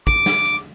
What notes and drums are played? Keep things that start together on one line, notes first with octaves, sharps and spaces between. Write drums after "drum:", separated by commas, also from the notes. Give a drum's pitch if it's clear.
D6, drum: kick, hi-hat
drum: snare
drum: hi-hat